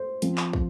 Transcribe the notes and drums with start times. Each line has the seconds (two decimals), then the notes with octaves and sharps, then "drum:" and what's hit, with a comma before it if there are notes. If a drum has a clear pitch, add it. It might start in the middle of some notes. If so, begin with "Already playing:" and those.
Already playing: C5
0.22 F3 C4, drum: hi-hat
0.37 drum: clap
0.53 drum: kick